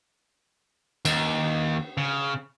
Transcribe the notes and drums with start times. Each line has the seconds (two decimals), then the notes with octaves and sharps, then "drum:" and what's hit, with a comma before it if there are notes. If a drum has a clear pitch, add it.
1.05 D#2, drum: cymbal
1.97 C#3